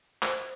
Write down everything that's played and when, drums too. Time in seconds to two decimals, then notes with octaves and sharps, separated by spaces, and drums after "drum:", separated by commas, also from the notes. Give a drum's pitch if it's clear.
0.23 C5, drum: clap